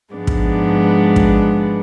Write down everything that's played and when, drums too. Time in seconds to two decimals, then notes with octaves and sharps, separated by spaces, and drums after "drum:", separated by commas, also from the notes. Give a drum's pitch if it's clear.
0.13 G#2 F3 G#3 B3 D4
0.27 drum: kick
1.16 drum: kick